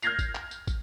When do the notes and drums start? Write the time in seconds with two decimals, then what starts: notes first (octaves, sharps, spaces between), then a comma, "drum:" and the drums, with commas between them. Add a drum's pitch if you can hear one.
0.02 F6 G6 G#6 A#6 C7 F7, drum: tambourine
0.19 drum: kick, tambourine
0.35 drum: clap
0.51 drum: tambourine
0.67 drum: kick, tambourine